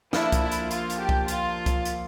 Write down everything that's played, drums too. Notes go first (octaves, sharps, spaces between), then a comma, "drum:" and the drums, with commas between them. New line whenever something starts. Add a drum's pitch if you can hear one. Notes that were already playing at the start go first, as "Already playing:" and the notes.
F3 A#3 D4 E4 A4, drum: snare
drum: kick C2, hi-hat
E4
drum: hi-hat
F4, drum: hi-hat
drum: hi-hat
G4
drum: kick C2
F4, drum: hi-hat
drum: kick C2, hi-hat
drum: hi-hat